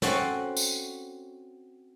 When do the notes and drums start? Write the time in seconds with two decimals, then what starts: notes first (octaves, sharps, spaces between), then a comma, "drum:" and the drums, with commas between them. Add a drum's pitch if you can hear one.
0.02 C4 C#4 F#4 A4, drum: snare
0.57 drum: tambourine